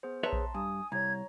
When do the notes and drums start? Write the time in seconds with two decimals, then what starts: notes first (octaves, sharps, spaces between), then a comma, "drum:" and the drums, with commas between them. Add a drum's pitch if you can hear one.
0.03 B3 G#4 C5
0.23 G#4 B4 C#5 E5 A5 A#5 C6
0.33 drum: kick A#1
0.55 G2 G#5 D#6
0.92 C2 C#5 A#5 G#6